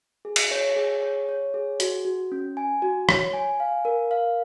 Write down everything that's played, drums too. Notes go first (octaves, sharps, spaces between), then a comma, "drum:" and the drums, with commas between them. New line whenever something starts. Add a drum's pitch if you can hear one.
G#4
drum: cymbal
C#5
G#4
C#5
C#5
G#4
F#4, drum: hi-hat
F#4
C#4
G#5
F#4
C#5, drum: rim click
G#5
F5
A#4
F5